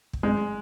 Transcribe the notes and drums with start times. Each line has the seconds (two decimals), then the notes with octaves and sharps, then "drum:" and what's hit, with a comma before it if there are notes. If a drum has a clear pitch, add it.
0.13 drum: kick
0.23 G#3